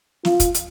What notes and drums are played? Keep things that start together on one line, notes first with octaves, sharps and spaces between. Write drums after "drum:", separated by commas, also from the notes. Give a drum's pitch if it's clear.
F4, drum: snare
drum: kick, hi-hat
drum: hi-hat